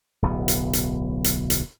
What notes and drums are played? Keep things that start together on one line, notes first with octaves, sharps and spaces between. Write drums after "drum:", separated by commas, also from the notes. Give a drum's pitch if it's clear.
D1 B1 B3
drum: hi-hat
drum: hi-hat
drum: hi-hat
drum: hi-hat